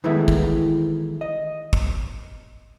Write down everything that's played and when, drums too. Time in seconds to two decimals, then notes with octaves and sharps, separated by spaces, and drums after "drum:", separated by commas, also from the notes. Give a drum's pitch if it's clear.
0.04 D#3 E3 G#3 A3 B3 E4
0.28 drum: kick
1.21 D#5
1.73 drum: kick